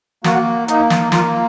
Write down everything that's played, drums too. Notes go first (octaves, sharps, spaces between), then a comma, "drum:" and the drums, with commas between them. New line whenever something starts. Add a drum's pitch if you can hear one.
A#3 F#4, drum: snare
A#3 D#4, drum: hi-hat
drum: snare
A#3 F4, drum: snare